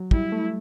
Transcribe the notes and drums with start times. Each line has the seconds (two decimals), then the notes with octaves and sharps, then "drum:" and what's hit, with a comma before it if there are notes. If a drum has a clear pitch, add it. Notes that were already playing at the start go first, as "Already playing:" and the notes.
Already playing: F#3
0.11 G3 E4, drum: kick
0.32 A3